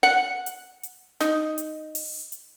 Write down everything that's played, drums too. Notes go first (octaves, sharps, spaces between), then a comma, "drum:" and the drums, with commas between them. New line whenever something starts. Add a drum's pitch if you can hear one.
F#5
drum: hi-hat
drum: hi-hat
D#4, drum: snare
drum: hi-hat
drum: open hi-hat
drum: hi-hat